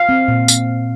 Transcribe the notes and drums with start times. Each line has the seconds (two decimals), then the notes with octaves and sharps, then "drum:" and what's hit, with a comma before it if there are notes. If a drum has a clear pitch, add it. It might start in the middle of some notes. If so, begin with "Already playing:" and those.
Already playing: F5
0.09 C4
0.28 A#2
0.48 drum: tambourine